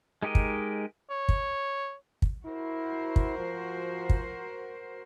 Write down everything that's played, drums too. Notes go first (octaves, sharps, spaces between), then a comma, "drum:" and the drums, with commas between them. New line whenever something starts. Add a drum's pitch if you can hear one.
G#3 D#4 G4 A#4 D#5
drum: kick
C#5
drum: kick
drum: kick
E4 F#4 A#4 C5
drum: kick
F3
drum: kick